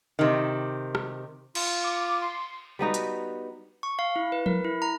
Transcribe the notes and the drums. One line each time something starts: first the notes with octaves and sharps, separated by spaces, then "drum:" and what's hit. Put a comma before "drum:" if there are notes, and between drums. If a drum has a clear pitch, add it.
C3 D#3
drum: rim click
F4, drum: cymbal
D6
C6
G3 B3 D#4 F#4
drum: hi-hat
C#6
F5
E4
B4
A#4, drum: tom F3
E4
A#5